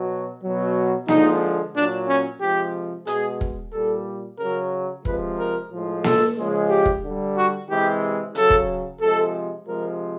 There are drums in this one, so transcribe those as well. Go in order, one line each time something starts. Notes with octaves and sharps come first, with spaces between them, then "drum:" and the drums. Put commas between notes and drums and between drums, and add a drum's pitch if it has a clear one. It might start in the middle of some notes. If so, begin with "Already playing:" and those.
Already playing: B2 F#3
B2 F#3
D3 F3 G#3 D#4, drum: snare A#3
A#2 F#3 D4
C#4
C3 F3 G#3 G4
B2 G#3 G#4, drum: hi-hat
drum: kick E1
A#2 G3 A4
C#3 F#3 A#4
C3 F3 G#3 B4, drum: kick E1
A#4
A2 F3 G#3
A4, drum: snare A#3
C#3 F3 G#3
G4
drum: kick E1
D3
G3
F#4
C3 E3 G#3 G4
C#3 F#3 A4, drum: hi-hat
drum: kick E1
C3 F3 G#3 A4
C3 F3 G#3 A#4